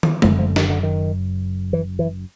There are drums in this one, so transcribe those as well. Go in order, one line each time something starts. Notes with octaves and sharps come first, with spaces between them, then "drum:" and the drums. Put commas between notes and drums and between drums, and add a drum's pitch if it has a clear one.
drum: tom
F#1 F#2 D3 F3, drum: tom G#3
F3
D#3, drum: snare
D3
D#3
E3
E3